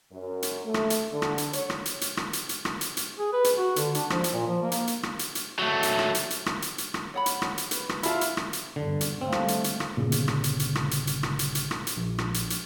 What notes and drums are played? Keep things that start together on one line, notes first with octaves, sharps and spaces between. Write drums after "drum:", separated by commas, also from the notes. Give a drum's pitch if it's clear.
F#2
drum: hi-hat
A3
drum: rim click
drum: hi-hat
D3
drum: rim click
drum: hi-hat
C#5, drum: hi-hat
drum: rim click
drum: hi-hat
drum: hi-hat
drum: rim click
drum: hi-hat
drum: hi-hat
drum: rim click
drum: hi-hat
drum: hi-hat
G#4
B4
drum: hi-hat
F#4
D3, drum: hi-hat
D4, drum: hi-hat
F3, drum: rim click
drum: hi-hat
A#2
F3
A#3
drum: hi-hat
drum: hi-hat
drum: rim click
drum: hi-hat
drum: hi-hat
F#3 A3
drum: hi-hat
drum: rim click
drum: hi-hat
drum: hi-hat
drum: rim click
drum: hi-hat
drum: hi-hat
drum: rim click
C#5 F#5 B5
drum: hi-hat
drum: rim click
drum: hi-hat
B4, drum: hi-hat
drum: rim click
E4 F4 A5 B5, drum: hi-hat
drum: hi-hat
drum: rim click
drum: hi-hat
E2 G2 D3
drum: hi-hat
D3 G3 A3 C4 F4 C#5 F5
drum: rim click
drum: hi-hat
drum: hi-hat
drum: rim click
G1 A#2 C#3
drum: hi-hat
drum: rim click
drum: hi-hat
drum: hi-hat
drum: rim click
drum: hi-hat
drum: hi-hat
drum: rim click
drum: hi-hat
drum: hi-hat
drum: rim click
drum: hi-hat
A#1
drum: rim click
drum: hi-hat
drum: hi-hat